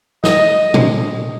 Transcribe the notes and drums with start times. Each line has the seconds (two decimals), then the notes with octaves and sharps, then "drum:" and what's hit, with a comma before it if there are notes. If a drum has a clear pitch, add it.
0.24 D#5, drum: snare
0.74 drum: tom A#2